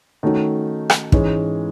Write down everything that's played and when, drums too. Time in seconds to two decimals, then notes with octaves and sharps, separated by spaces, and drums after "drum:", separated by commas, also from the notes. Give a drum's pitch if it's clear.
0.23 D#3 A3 C#4 F#4
0.90 drum: rim click
1.12 G#2 E3 G#3 C#4, drum: kick